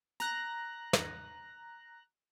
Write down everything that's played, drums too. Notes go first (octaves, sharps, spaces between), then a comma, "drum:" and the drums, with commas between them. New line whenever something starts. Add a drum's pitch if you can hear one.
A#5 F#6 A#6, drum: hi-hat
drum: snare